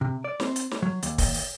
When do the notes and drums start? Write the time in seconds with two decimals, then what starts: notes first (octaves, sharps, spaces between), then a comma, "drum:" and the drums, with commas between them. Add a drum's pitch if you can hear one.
0.01 C3
0.24 D5
0.40 C4, drum: snare
0.56 drum: hi-hat
0.71 drum: snare
0.82 F#3
1.03 D#2, drum: hi-hat
1.18 drum: kick, open hi-hat
1.34 drum: open hi-hat